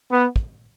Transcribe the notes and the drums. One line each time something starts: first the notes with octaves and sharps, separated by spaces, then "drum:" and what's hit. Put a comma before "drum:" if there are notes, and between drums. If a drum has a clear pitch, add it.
B3
drum: kick